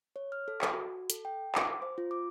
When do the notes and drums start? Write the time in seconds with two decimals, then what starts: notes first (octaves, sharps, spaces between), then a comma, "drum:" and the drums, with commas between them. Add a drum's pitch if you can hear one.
0.16 C#5
0.32 F6
0.48 A4
0.62 drum: clap
0.73 F#4
1.10 A4, drum: hi-hat
1.25 G5
1.55 D6, drum: clap
1.82 C5
1.98 F4
2.11 D6